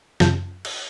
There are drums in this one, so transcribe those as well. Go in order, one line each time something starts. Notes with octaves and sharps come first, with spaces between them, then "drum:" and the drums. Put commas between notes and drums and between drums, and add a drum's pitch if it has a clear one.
F#2 C#3 F#3 F4 A5 G6, drum: snare
drum: cymbal